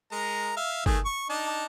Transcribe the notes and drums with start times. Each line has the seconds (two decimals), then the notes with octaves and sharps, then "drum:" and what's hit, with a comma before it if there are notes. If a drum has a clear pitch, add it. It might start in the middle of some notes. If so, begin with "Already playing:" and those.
0.12 G#3 A#4 A#5
0.57 E5 F5
0.86 D#3 A3 G#4, drum: kick G1
1.05 C#6
1.30 D4 D#4 A5